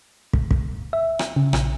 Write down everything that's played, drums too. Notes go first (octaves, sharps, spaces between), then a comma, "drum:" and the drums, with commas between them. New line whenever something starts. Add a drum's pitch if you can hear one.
drum: kick
drum: kick
E5
drum: rim click
C#3
A#1, drum: rim click